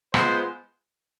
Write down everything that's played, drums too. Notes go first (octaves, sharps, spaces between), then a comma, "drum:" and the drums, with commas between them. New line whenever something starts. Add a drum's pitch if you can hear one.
G#3 B3 F4 C5, drum: rim click